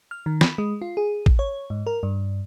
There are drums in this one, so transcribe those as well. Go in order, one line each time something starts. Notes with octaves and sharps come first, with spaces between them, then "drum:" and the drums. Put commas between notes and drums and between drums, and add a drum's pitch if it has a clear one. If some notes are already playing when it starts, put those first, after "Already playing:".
F6
D#3
B5, drum: snare
G#3
F4
G#4
drum: kick A1
C#5
G#2
A#4
G2